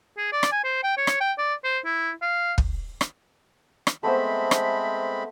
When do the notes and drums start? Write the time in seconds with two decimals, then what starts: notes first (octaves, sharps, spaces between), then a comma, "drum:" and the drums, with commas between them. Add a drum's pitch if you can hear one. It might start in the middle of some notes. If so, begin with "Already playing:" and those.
0.17 G#4
0.32 D5
0.43 drum: rim click
0.52 G#5
0.64 C5
0.83 G5
0.97 C#5
1.07 drum: rim click
1.20 G5
1.38 D5
1.64 C5
1.85 E4
2.22 F5
2.58 drum: kick
3.01 drum: rim click
3.87 drum: rim click
4.03 G#3 A3 B3 C4 C5 E5 B5
4.51 drum: rim click